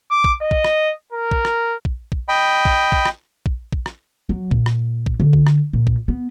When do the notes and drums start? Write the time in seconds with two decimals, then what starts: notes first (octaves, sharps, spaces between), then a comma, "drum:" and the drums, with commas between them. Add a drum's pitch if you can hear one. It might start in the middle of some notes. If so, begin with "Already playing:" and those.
0.11 D6
0.24 drum: kick A#1
0.42 D#5
0.51 drum: kick A#1
0.64 drum: rim click
1.12 A#4
1.31 drum: kick A#1
1.45 drum: rim click
1.85 drum: kick A#1
2.12 drum: kick A#1
2.29 D#5 G5 B5
2.65 drum: kick A#1
2.92 drum: kick A#1
3.06 drum: rim click
3.46 drum: kick A#1
3.72 drum: kick A#1
3.86 drum: rim click
4.29 F#3
4.51 A#2, drum: kick A#1
4.66 drum: rim click
5.06 drum: kick A#1
5.20 D3
5.33 drum: kick A#1
5.47 drum: rim click
5.73 A#2
5.87 drum: kick A#1
6.08 B3